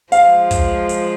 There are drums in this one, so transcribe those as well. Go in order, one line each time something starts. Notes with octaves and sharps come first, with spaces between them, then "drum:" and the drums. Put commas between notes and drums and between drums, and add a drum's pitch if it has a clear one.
F3 G#3 F5, drum: hi-hat
drum: kick, hi-hat
drum: hi-hat